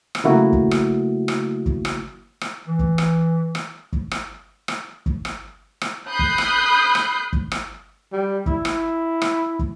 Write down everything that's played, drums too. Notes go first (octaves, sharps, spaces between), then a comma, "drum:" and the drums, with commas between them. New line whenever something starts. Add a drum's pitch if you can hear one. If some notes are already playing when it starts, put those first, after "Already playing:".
drum: rim click
C#3 F#3 A3 A#3 E4 F#4
drum: kick
drum: rim click
drum: rim click
drum: kick
drum: rim click
drum: rim click
E3
drum: kick
drum: rim click
drum: rim click
drum: kick
drum: rim click
drum: rim click
drum: kick
drum: rim click
drum: rim click
B5 D#6 F#6 G6 C7
drum: kick
drum: rim click
drum: rim click
drum: kick
drum: rim click
G3
E4, drum: kick
drum: rim click
drum: rim click
drum: kick